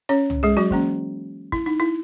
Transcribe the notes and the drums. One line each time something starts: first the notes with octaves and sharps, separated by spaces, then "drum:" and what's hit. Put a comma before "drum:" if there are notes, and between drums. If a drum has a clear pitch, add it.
C#4 C#5
drum: tom
G#3 G#4
F#3 F#4
E3 A#3 C#4, drum: kick
E4, drum: kick
D#4
E4